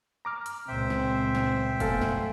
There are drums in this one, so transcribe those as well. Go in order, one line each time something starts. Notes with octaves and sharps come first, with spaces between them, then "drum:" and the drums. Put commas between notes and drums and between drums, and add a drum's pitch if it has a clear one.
A#5 D6 F6
drum: hi-hat
C#2 A#2 C4 C5 E5 G5
drum: snare
drum: snare
F2 A3 B3 A4 F5 G#5, drum: kick, hi-hat
drum: snare